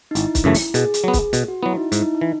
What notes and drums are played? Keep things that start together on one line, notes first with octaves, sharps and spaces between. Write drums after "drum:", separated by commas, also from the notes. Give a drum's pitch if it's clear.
D#4
G#1 E4, drum: hi-hat
drum: kick, hi-hat
F#2 C#3 E3 A3
drum: open hi-hat
B2 G#4, drum: hi-hat
drum: hi-hat
F#3 B3
drum: kick, hi-hat
B2, drum: hi-hat
F#4
F#3 B3 E4
D#4
G#2 E4, drum: hi-hat
D#4
D#4
E3